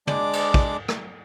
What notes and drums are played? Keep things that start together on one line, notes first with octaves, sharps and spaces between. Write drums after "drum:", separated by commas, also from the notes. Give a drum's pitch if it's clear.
G#3 D4 D5 D6, drum: tom
drum: cymbal
drum: kick
drum: rim click